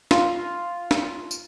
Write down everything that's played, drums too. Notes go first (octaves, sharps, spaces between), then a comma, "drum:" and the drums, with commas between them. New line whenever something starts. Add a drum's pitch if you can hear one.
F4, drum: snare
drum: snare
drum: tambourine